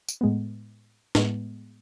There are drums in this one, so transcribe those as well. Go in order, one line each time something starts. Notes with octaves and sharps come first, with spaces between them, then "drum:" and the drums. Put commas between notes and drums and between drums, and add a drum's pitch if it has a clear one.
drum: tambourine
A2 G#3 B3
A2 G#3 B3, drum: snare